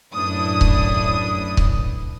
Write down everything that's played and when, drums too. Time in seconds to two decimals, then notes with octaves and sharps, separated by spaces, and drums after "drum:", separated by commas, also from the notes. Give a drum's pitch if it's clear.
0.12 F#2 A2 D4 E4 B4 D#6
0.61 drum: kick C#1
1.57 drum: kick C#1